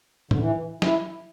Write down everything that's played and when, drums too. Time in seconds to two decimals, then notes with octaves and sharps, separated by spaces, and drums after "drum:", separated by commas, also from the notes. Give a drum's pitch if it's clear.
0.31 D3, drum: tom A2
0.39 E3
0.82 E4, drum: snare